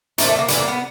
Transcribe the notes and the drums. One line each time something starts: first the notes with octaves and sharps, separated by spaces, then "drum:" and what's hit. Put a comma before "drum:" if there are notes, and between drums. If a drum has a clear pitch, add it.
A#2 F3 A3 D#4, drum: hi-hat
A3
A#3
A2 E3 G3 B3, drum: hi-hat
A#3
B3